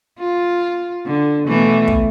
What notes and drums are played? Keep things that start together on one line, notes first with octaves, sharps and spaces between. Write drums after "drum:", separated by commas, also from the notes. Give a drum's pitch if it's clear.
F4
D3
B2 E3 A3
drum: kick